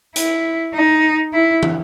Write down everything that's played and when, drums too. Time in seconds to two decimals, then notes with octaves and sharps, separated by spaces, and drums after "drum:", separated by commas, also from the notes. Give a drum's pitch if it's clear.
0.16 E4, drum: hi-hat
0.74 D#4
1.33 E4
1.63 drum: tom